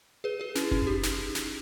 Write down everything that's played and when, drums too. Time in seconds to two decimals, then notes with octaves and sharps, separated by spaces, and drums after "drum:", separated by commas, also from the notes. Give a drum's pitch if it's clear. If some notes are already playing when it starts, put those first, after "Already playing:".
0.24 G#4 B4
0.40 G#4 B4
0.55 C#4 E4, drum: snare
0.71 C#4 E4, drum: kick F#1
0.87 D#4 G4
1.03 drum: snare
1.35 drum: snare